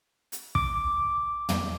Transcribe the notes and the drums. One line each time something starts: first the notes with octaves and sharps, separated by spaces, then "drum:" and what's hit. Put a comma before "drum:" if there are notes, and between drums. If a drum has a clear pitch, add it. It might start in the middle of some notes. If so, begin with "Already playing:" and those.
drum: hi-hat
D6, drum: kick
drum: tom